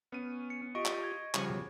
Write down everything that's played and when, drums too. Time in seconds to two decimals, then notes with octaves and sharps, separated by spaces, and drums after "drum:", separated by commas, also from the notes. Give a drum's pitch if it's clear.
0.12 B3 C#4 D#7
0.50 C#7
0.75 F4 G4 D#5 C#6 D7
0.85 drum: clap
1.04 G#6
1.34 C#3 F3 G3 F#5 G#5, drum: clap
1.50 B2 F#3